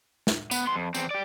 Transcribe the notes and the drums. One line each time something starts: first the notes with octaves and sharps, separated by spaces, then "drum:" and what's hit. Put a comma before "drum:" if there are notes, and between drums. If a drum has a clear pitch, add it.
drum: snare
B3, drum: tambourine
B3 C6
F2
E2 C4, drum: tambourine
G4 D5